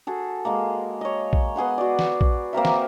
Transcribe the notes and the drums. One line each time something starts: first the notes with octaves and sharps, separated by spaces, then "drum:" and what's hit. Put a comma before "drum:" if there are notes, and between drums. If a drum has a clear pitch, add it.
F#4 G#4 A4
G#3 A#3
C#5 D#5
drum: kick A#1
B3 G#4 F#5 C6
F#4 D5
drum: snare
drum: kick A#1
A#3 C4 A#4 E5
drum: snare